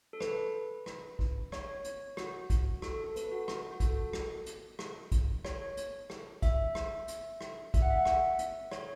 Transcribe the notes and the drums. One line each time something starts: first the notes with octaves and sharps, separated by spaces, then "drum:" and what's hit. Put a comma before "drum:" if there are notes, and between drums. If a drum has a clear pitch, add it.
A4
B4, drum: rim click
drum: rim click
drum: kick
C#5, drum: rim click
drum: hi-hat
F#4, drum: rim click
drum: kick, hi-hat
A4, drum: rim click
A4
B4, drum: hi-hat
F#4
drum: rim click
F#4
A4, drum: kick, hi-hat
drum: rim click
drum: hi-hat
drum: rim click
drum: kick, hi-hat
C#5, drum: rim click
drum: hi-hat
drum: rim click
E5, drum: kick, hi-hat
drum: rim click
drum: hi-hat
drum: rim click
E5, drum: kick, hi-hat
F#5
E5
F#5
E5, drum: rim click
drum: hi-hat
C#5, drum: rim click